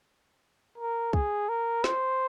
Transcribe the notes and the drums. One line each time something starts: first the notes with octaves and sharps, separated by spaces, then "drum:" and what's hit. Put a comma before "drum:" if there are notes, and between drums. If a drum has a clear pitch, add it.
A#4
G#4, drum: kick C2
A#4
C5, drum: snare